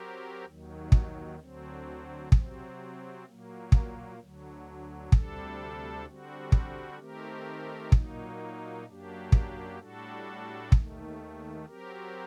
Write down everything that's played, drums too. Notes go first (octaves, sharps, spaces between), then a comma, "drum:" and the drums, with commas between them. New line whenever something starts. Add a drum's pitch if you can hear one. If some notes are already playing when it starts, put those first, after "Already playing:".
Already playing: F#3 C4 G4 A#4
D#2 D#3 F#3
drum: kick
D2 D3 F#3 C4
C3 F#3 C4, drum: kick
A#2 F#3 A#3
drum: kick
D2 D3 F#3
D2 C3 G3 D4 A4, drum: kick
D3 G3 C4 F#4
drum: kick
D#3 A3 C4 G4 A#4
A#2 F#3 A#3 D#4, drum: kick
F#2 F#3 A#3 D4 G4
drum: kick
A2 G3 D4 F#4 A4
D#2 D#3 A3, drum: kick
F#3 C4 G4 A#4